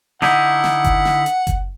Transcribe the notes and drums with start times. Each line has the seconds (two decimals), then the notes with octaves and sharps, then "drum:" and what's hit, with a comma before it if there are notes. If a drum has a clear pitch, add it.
0.22 D3 D#4 E4 F#5, drum: snare
0.64 drum: snare
0.84 drum: kick F#1, hi-hat
1.05 drum: snare
1.26 drum: hi-hat
1.47 drum: kick F#1, hi-hat